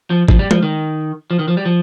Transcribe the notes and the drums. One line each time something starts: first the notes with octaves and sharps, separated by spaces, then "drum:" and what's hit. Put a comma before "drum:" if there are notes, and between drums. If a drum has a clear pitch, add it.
F3
F3, drum: kick
G3
F3, drum: tom G#3
D#3
F3
D#3
F3
G3
F3